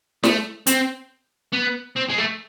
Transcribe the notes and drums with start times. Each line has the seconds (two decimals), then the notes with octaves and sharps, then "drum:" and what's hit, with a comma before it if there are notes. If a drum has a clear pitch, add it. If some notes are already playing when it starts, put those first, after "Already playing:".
0.23 A3, drum: snare
0.67 C4, drum: hi-hat
1.53 B3
1.96 C4
2.09 G#3
2.18 A3